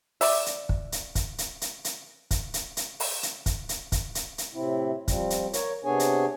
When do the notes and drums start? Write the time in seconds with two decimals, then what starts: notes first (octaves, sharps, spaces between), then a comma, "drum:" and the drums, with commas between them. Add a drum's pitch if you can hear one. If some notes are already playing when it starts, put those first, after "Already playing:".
0.21 D5 E5, drum: open hi-hat
0.46 drum: hi-hat
0.69 drum: kick
0.92 drum: hi-hat
1.15 drum: kick, hi-hat
1.38 drum: hi-hat
1.61 drum: hi-hat
1.85 drum: hi-hat
2.31 drum: kick, hi-hat
2.54 drum: hi-hat
2.77 drum: hi-hat
3.00 drum: open hi-hat
3.23 drum: hi-hat
3.46 drum: kick, hi-hat
3.69 drum: hi-hat
3.92 drum: kick, hi-hat
4.15 drum: hi-hat
4.38 drum: hi-hat
4.54 A2 C3 C4 E4
5.08 F3 G3 C4, drum: kick, hi-hat
5.30 drum: hi-hat
5.53 A#4 C#5, drum: hi-hat
5.84 C3 B3 D4 G#4 C#5 G#5
6.00 drum: hi-hat